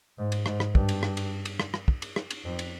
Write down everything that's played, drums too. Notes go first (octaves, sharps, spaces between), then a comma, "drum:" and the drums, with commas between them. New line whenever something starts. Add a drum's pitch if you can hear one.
G#2
drum: cymbal
G#2, drum: rim click
drum: rim click
G2, drum: kick
drum: cymbal
drum: rim click
drum: cymbal
drum: cymbal
drum: rim click
drum: rim click
drum: kick
drum: cymbal
drum: rim click
drum: cymbal
F2
drum: cymbal